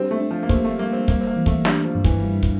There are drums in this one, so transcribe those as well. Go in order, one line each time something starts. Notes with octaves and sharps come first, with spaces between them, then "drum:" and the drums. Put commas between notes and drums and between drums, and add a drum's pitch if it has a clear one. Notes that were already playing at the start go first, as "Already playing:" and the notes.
Already playing: G3 C4 D4 G4 C5
A3
D4
F3
A#3
A3 C5, drum: kick
A3
G3 A#3
C4
G3 A#3, drum: kick
C4
A#3
E3
A3, drum: kick
G3 D4, drum: snare
F3
G2
E3, drum: kick
G3
drum: kick